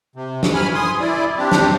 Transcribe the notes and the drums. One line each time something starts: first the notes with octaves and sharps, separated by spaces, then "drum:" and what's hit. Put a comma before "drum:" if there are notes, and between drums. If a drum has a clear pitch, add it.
C3
drum: snare
G#5 B5 F6
G#5 C6 D#6
E4 D5
C4 D4 G4
drum: snare